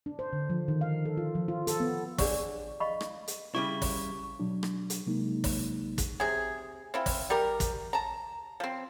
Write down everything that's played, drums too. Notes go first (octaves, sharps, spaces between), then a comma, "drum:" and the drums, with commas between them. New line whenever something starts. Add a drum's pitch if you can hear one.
D4
C5
D3
F3
D#3
F5
A4
F4
F3
F4
A4, drum: hi-hat
B3
D4 G#4 C#5 D5 F#5 C#6, drum: kick, open hi-hat
D#5 F5 B5 C#6
drum: rim click
drum: hi-hat
C#3 G3 E4 C#6
drum: kick, open hi-hat
B2 F#3 D4
drum: rim click
drum: hi-hat
C3 F#3 G#3 A#3 D#4
drum: kick, open hi-hat
drum: kick, hi-hat
C3 G#4
C4 E4 F4
drum: kick, open hi-hat
G3 G4 A#4
drum: kick, hi-hat
A5 A#5
F3 C4